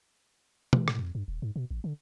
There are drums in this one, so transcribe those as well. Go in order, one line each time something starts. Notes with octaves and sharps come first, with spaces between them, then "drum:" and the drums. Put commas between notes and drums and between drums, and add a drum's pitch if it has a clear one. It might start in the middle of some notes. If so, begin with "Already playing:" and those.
E3, drum: tom
A2, drum: rim click
F2
G2
D#1
G#2
B2
A1
D3